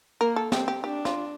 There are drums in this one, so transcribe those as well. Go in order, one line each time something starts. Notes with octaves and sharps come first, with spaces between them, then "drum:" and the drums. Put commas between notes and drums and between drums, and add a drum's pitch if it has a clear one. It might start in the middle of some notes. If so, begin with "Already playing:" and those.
A#3 A#4
A4
C4 G4, drum: snare
G4
D4 G4
F4, drum: snare